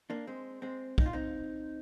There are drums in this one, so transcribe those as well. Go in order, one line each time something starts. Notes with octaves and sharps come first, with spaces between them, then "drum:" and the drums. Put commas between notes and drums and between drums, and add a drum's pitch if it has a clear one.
A#3 D4
G#3 C4
G#3 C4
D#4, drum: kick
F4
C4 D#4